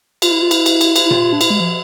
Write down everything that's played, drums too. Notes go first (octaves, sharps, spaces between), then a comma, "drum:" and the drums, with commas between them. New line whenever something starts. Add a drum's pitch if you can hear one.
F4, drum: cymbal
E4
F4
E4, drum: cymbal
drum: cymbal
drum: cymbal
drum: cymbal
E4
F4, drum: tom A#2
D4
E4, drum: cymbal
G#3
F3